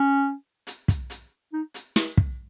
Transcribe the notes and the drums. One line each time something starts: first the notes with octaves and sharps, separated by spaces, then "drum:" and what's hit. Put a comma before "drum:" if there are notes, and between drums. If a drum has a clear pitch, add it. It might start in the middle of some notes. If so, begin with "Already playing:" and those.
Already playing: C#4
drum: hi-hat
drum: kick, hi-hat
drum: hi-hat
D#4
drum: hi-hat
drum: snare
drum: kick